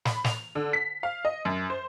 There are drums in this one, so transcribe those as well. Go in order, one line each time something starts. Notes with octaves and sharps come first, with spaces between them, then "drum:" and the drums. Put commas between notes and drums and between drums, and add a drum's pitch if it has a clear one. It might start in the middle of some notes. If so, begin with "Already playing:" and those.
B5, drum: snare
F7, drum: snare
D3
B6
F5
D#5
F#2
C5